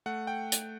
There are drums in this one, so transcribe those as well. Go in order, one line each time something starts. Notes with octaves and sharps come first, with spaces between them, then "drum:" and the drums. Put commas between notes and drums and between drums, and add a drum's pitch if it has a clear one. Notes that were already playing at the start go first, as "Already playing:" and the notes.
A3 F#5
G5
drum: hi-hat